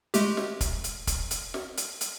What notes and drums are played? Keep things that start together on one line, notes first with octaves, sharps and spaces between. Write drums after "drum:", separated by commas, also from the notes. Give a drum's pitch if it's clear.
G#3 A3 G4, drum: hi-hat
drum: snare
drum: kick, hi-hat
drum: hi-hat
drum: kick, hi-hat
drum: hi-hat
drum: snare
drum: hi-hat
drum: hi-hat